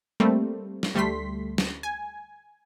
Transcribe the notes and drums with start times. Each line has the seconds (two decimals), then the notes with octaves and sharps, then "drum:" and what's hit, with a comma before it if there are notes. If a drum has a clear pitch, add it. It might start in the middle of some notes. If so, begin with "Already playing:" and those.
0.20 G3 A3 A#3 C4
0.83 drum: snare
0.94 D2 G3 A3 C6 B6
1.58 drum: snare
1.83 G#5